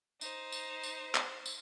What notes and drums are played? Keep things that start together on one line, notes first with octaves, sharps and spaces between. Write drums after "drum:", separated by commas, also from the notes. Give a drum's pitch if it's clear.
D#4 C5, drum: tambourine
drum: tambourine
drum: tambourine
drum: clap
drum: tambourine